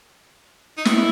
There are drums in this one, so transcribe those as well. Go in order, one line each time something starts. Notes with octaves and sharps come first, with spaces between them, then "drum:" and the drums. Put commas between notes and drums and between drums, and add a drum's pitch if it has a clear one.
D#4
E4, drum: snare